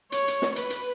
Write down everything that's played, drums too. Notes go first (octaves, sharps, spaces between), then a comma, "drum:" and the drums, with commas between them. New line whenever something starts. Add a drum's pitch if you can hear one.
C#5, drum: hi-hat
drum: hi-hat
drum: snare
B4, drum: hi-hat
drum: hi-hat